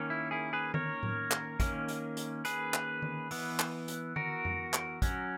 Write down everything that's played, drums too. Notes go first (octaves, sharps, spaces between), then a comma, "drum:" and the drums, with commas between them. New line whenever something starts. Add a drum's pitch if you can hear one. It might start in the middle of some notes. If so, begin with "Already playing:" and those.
Already playing: D#3 A#3 C#4
E4
E4 G#4
G#4 B4
A#4 C#5, drum: tom D#3
drum: tom A2
drum: clap
D#3 A#3 C#4, drum: kick, hi-hat
drum: hi-hat
drum: hi-hat
G#4 B4, drum: hi-hat
drum: clap
drum: tom D#3
E3 B3, drum: open hi-hat
drum: clap
drum: hi-hat
F#4 A#4, drum: tom D#3
drum: tom F2
drum: clap
F#3 C#4, drum: kick, hi-hat